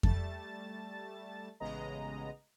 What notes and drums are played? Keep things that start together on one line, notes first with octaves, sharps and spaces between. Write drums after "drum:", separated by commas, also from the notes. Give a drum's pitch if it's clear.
G3 A3 A5 A6, drum: kick F2
A1 C#3 G#3 B3 D#5 A#5